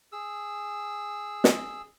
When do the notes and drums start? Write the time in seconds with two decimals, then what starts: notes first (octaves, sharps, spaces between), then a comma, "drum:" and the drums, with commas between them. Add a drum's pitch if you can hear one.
0.12 G#4 E6
1.44 drum: snare